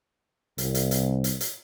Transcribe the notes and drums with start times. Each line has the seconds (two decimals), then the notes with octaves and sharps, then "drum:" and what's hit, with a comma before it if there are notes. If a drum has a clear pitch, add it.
0.58 C2, drum: hi-hat
0.75 drum: hi-hat
0.91 drum: hi-hat
1.24 drum: hi-hat
1.41 drum: hi-hat